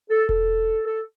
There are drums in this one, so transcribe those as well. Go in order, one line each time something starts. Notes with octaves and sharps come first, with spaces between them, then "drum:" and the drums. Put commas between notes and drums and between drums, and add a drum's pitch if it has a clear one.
A4
A4, drum: kick E1
A4